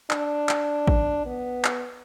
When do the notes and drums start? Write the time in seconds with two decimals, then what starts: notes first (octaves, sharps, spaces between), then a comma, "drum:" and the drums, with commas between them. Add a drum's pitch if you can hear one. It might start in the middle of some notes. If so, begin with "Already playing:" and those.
0.11 D4, drum: clap
0.49 drum: clap
0.88 drum: kick A1
1.26 B3
1.65 drum: clap